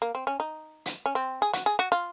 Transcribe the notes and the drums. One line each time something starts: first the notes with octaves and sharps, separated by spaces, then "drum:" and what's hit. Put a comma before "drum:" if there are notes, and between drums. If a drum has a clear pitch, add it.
A#3
C4
C#4
D#4
drum: hi-hat
C#4
C4
G#4
F#4, drum: hi-hat
G#4
F#4
F4